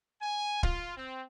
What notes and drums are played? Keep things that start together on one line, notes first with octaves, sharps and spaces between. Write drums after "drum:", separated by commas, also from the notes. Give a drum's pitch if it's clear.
G#5
F4, drum: kick D1
C4